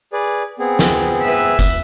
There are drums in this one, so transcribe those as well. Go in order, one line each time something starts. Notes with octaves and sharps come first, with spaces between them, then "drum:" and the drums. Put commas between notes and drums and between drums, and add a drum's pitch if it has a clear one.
G#4 B4 D5
B3 C4 G#4
drum: snare
B4 E5
drum: kick, tambourine